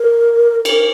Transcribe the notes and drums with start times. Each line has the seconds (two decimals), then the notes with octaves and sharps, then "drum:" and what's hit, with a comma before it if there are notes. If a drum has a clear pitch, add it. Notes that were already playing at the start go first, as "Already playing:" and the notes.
Already playing: A#4
0.65 A#4, drum: cymbal